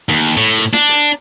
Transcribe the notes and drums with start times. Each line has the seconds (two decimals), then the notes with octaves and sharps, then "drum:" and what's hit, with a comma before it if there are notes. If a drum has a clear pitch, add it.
0.09 D#2, drum: hi-hat
0.27 drum: hi-hat
0.37 A2
0.58 drum: hi-hat
0.74 D4, drum: snare
0.89 drum: hi-hat